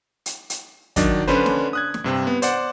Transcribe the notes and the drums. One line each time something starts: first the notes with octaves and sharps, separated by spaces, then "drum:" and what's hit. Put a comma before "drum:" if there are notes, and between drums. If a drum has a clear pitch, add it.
drum: hi-hat
drum: hi-hat
D#3 F#3 D4 D5 D#5, drum: kick, hi-hat
D3 C#4 D4 B4 C5
drum: snare
D#6 F#6 G#6
drum: snare
G2 C3 C4
B3
C5 D5 F#5, drum: hi-hat